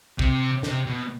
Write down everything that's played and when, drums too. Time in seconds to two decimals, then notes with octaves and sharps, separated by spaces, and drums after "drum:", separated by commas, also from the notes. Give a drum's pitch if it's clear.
0.19 C3, drum: kick
0.63 C3, drum: snare
0.86 B2